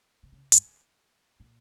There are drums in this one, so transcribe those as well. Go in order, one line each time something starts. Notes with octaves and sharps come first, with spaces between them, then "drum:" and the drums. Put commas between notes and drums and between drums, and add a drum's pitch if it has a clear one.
C3
C#3
G2, drum: hi-hat
A#2